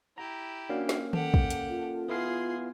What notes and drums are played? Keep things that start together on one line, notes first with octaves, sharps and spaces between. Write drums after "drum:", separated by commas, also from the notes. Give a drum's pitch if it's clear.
E4 G4 A#5
A#3 C#4 D4 F#4 F5
drum: snare
G4 A4 F#5, drum: tom D#3
drum: kick
drum: hi-hat
F4
B3 E4 G#4 F5 C6